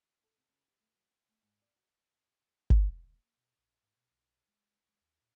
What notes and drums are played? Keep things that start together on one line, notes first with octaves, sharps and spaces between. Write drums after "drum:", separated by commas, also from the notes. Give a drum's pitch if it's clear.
A4
C3
C#3
G4
A3
F#3
G5
A3
G#2
D5
F#4
drum: kick G1
A#3
B2
A#1
G#2
B2
B1
G#3
G#3
D#2
A#2